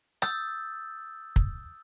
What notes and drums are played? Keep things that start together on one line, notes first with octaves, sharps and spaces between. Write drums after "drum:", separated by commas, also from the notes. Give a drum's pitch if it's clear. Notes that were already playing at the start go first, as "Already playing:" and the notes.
D#6 E6 G6 A6, drum: rim click
drum: kick